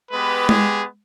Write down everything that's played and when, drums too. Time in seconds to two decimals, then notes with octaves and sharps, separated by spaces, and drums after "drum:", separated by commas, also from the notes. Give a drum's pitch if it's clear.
0.11 G#3 B3 G4 B4
0.49 G#4, drum: tom G#3